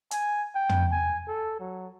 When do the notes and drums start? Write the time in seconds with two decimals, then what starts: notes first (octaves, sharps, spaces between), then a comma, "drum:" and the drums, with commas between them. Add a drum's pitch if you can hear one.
0.11 G#5, drum: hi-hat
0.55 G5
0.69 drum: tom
0.92 G#5
1.28 A4
1.60 F#3